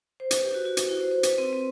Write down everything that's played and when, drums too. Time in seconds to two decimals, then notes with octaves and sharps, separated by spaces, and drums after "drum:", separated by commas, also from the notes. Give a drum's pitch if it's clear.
0.20 C5
0.31 B4, drum: hi-hat
0.42 G4
0.54 F#4
0.65 F#4
0.77 F#4, drum: hi-hat
0.89 E4
1.00 C5
1.11 C5
1.23 B4, drum: hi-hat
1.38 C4
1.53 C4